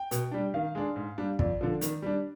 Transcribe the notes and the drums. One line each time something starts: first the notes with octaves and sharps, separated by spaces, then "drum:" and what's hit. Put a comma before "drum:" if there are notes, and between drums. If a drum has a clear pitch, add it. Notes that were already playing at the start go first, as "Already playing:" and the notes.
Already playing: G5
B2, drum: hi-hat
G3 D4
D#3 F5
G#3 D4
G#2
G3 D4
F2 D5, drum: kick
D3 F3
D#3, drum: hi-hat
G3 D4